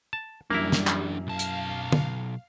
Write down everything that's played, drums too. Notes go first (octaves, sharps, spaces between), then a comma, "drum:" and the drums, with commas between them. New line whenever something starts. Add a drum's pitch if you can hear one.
A5
F#2 E3 G3 A#3 D4 E4 F7
drum: snare
drum: clap
B1 F5 A5
drum: hi-hat
drum: tom